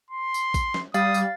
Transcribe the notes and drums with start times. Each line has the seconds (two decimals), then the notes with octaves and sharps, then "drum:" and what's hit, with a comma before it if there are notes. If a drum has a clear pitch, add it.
0.11 C6
0.34 drum: tambourine
0.54 drum: kick A1, tambourine
0.74 drum: snare
0.94 G3 F5 D#6 A6, drum: tambourine
1.14 drum: tambourine